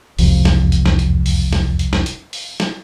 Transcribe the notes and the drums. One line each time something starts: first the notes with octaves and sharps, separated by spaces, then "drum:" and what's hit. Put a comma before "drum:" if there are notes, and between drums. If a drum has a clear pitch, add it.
E1 C2 F2, drum: open hi-hat
drum: snare
drum: hi-hat
drum: snare
drum: hi-hat
drum: open hi-hat
drum: snare
drum: hi-hat
drum: snare
drum: hi-hat
drum: open hi-hat
drum: snare